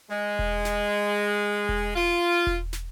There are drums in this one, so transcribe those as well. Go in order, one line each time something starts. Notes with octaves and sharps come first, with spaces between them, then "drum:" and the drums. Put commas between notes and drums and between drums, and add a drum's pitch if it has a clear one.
G#3
drum: kick E1
drum: snare
drum: kick E1
F4
drum: kick E1
drum: snare